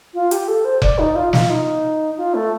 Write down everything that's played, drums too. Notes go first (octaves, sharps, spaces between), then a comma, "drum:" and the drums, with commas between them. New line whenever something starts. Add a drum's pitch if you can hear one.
F4
G4, drum: hi-hat
A4
C5
D5, drum: kick F1
D#4
F4
F4, drum: snare
D#4
F4
A3